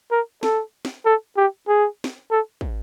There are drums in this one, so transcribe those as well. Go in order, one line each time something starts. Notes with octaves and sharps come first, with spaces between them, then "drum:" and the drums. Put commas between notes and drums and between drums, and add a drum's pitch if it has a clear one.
A#4
A4, drum: snare
drum: snare
A4
G4
G#4
drum: snare
A4
drum: kick